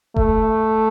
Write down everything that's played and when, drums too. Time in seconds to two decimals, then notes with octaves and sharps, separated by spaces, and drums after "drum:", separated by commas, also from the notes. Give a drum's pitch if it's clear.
0.16 A3, drum: kick F1